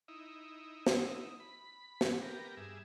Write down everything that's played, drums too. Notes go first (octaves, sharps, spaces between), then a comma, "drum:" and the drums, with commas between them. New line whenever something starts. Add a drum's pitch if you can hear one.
D#4 E4
drum: snare
B5
drum: snare
B3 G4 A#4
G2 G#4 E5